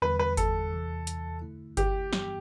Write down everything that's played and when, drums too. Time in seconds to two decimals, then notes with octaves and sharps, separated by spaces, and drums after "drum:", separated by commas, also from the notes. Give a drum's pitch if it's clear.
0.02 E2 D3 G3 B4
0.19 B4
0.37 A4, drum: kick G1, hi-hat
0.72 E2 C3 E3
1.07 drum: hi-hat
1.42 D3 A3 E4
1.77 G4, drum: kick G1, hi-hat
2.13 G2 E3 G3 B3, drum: snare